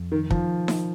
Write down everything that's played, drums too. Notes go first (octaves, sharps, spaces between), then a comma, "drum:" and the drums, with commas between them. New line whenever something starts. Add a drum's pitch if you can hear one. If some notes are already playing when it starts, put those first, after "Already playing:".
Already playing: F2
D#3
F3, drum: kick
drum: snare D#4